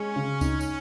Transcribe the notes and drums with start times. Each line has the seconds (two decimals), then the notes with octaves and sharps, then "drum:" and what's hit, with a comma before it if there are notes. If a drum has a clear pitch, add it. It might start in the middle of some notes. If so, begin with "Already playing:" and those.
Already playing: G#3 C#4
0.16 C#3
0.41 D#4, drum: kick C#2, tambourine
0.61 drum: tambourine